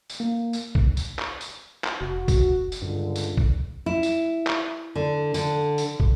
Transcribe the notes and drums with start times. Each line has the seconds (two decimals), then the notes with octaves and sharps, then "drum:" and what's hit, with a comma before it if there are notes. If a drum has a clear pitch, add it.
0.10 drum: tambourine
0.20 A#3
0.53 drum: tambourine
0.75 drum: kick
0.97 drum: tambourine
1.19 drum: clap
1.41 drum: tambourine
1.84 drum: clap
2.01 F1 F#4
2.28 drum: kick, tambourine
2.72 drum: tambourine
2.82 C#2 G2 D3
3.16 drum: tambourine
3.37 drum: kick
3.86 E4
4.03 drum: tambourine
4.47 drum: clap
4.95 D3
5.34 D3, drum: tambourine
5.78 drum: tambourine
6.00 drum: kick